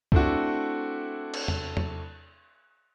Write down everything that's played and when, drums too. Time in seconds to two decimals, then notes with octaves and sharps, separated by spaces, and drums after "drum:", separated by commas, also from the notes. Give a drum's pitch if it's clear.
0.12 A3 C4 D4 E4 F#4, drum: kick C#2
1.34 drum: cymbal
1.48 drum: tom E2
1.77 drum: tom E2